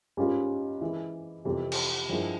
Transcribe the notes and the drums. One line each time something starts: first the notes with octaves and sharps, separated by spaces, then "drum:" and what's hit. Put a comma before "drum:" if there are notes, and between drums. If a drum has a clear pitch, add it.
G#2 G3 C#4 F4
E3 G#3 E4
F2 C3 E3 G3
drum: cymbal
G2 F3 G#3 E4